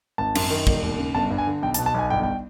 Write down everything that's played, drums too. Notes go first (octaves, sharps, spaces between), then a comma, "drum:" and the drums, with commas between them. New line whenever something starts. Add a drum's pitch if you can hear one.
G#1 A5
F#2, drum: cymbal
D#3
E1, drum: kick
D#2
C#3
G1 A5
G2
G#5
D3
B1 G5
A5, drum: hi-hat
B2
A5
B1 G#5
G1 G5
G5